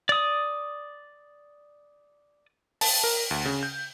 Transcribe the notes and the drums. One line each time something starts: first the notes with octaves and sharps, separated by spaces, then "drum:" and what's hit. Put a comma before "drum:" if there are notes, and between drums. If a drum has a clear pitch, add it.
D5 D#6
A5, drum: open hi-hat
A#4
D2
C#3
G6